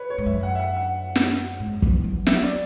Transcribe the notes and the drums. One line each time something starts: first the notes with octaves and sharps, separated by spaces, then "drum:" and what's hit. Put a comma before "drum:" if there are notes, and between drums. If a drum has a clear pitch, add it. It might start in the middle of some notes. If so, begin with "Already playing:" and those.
Already playing: B4 C#5
C#5
G#2
F#2 E5
F#5
E5
F#5
F#5
drum: snare
G#2
E3, drum: kick
F#3
F#3 E5, drum: snare
D5